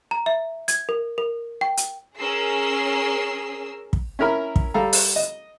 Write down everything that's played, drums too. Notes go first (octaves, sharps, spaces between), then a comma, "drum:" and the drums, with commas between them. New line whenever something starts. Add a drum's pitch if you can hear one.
A#5
E5
G#6, drum: hi-hat
A#4
A#4
G5
drum: hi-hat
C#4 G#4 A#4 E6 C7
drum: kick
C#4 E4 A#4 B5 F6
drum: kick
G3 A4 F5 A#5
drum: open hi-hat
D#5